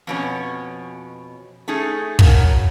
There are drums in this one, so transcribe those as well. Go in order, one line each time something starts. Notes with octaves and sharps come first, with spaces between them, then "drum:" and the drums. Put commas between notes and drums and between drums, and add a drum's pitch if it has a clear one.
F2 B2 C#4
A3 C#4 D#4 G#4
C#3 F#3 A#4 G#5, drum: kick